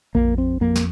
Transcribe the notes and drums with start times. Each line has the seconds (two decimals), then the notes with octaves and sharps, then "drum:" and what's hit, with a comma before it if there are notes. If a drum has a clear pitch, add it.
0.15 F2 A#3, drum: kick A#1
0.38 C4
0.61 F2 A#3
0.76 drum: snare